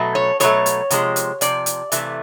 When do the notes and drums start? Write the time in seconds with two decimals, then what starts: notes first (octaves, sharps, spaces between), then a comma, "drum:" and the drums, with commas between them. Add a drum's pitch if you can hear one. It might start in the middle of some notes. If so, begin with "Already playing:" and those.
Already playing: B2 F#3 A3
0.15 C#5
0.40 B2 F#3 A3 C#5, drum: hi-hat
0.66 drum: hi-hat
0.90 C3 F3 G#3, drum: hi-hat
1.16 drum: hi-hat
1.41 C3 F3 D5, drum: hi-hat
1.66 drum: hi-hat
1.92 C3 E3 A3, drum: hi-hat